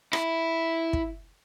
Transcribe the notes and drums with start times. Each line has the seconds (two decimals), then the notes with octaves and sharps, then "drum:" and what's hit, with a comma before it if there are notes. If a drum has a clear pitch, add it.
0.13 E4, drum: rim click
0.93 drum: kick